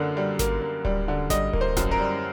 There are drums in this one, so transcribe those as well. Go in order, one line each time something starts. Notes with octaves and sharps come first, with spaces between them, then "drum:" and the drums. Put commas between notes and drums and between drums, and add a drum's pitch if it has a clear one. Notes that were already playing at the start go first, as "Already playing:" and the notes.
Already playing: F#2 D3 A#3
G3
A#3, drum: snare G#1
A#3
G3, drum: kick D1
D3
G3 D#5, drum: snare G#1
A#3, drum: kick D1
C5
F#2, drum: snare G#1
A#4
G3